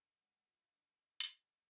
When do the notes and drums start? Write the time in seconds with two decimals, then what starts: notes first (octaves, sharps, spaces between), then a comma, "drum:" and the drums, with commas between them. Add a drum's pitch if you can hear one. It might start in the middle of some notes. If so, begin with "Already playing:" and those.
Already playing: D4
0.20 G#3 F#5
0.28 G#5
0.36 F#5
0.47 F4
0.61 F5
0.73 D4
1.20 drum: hi-hat